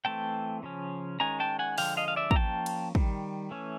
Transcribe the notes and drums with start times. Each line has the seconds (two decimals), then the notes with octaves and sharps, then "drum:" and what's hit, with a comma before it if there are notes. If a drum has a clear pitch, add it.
0.05 E3 A3 C4 G5 A5
0.63 C#3 F3 C#4
1.20 D#3 G#3 C#4 G#5 A#5
1.40 G5 A5
1.59 F#5 G#5
1.78 D3 F3 G#3 F5 G5, drum: open hi-hat
1.97 D#5 F5
2.08 F5
2.16 D5 E5
2.31 A#5, drum: kick
2.35 F3 A#3 C#4 G5 A5
2.66 drum: cymbal
2.95 D#3 G3, drum: kick
3.51 E3 A3 C#4